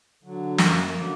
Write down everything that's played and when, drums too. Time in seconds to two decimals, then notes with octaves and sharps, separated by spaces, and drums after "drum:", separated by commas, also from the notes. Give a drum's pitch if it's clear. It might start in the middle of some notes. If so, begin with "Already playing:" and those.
0.23 D3 F#3
0.58 F#2 A#3, drum: snare
0.95 D3 F#3